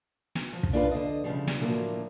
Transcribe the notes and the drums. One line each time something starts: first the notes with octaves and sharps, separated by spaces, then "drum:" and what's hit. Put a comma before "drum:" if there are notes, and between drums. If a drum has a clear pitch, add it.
drum: snare
F3
drum: kick
D4 D#4 F4 A4 B4 F5
D3 D#5
E2 C#3 E3 F3 G3
drum: snare
A2 D3 F3 F#3 A3 A#3